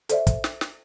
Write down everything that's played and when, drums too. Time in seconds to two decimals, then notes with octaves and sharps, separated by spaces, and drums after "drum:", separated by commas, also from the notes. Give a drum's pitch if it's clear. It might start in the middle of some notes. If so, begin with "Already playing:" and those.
0.09 A4 C5 D5 E5, drum: hi-hat
0.27 drum: kick, hi-hat
0.44 drum: snare
0.61 drum: snare